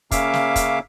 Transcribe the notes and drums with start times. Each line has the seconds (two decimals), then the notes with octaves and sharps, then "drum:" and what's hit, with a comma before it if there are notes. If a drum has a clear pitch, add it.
0.11 C#3 A#3 C#4 E5 F5 D6, drum: kick, hi-hat
0.34 drum: snare
0.56 drum: kick, hi-hat